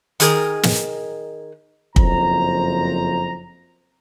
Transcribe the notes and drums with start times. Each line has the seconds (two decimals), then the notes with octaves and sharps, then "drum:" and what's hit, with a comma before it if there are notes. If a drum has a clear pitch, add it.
0.20 D#3 G#4 A#4, drum: hi-hat
0.63 drum: snare
1.96 F#1 F2 C5 A#5, drum: kick